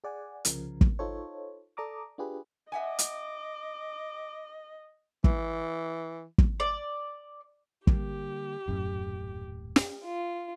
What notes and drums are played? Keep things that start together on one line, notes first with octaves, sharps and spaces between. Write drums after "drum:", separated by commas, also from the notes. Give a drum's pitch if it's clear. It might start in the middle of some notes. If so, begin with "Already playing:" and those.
G#4 D5 F#5 G#5
C2 C#3 F3 A#4, drum: hi-hat
drum: kick
D#4 F4 A4 C5 C#5
A4 D5 A#5 D6 D#6
D4 F4 G4 G#4 B4
D#5 E5 F#5 G#5 D6
drum: hi-hat
E3, drum: kick
drum: kick
D5
D3 G3 A#3 G4, drum: kick
D#1 F#2 A2
drum: snare
F4